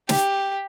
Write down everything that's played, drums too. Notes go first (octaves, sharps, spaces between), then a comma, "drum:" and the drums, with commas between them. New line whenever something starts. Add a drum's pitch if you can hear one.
G4, drum: snare